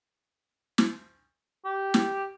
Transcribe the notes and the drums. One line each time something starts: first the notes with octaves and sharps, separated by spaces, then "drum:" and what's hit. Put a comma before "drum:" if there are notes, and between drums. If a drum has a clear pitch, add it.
drum: snare
G4
drum: snare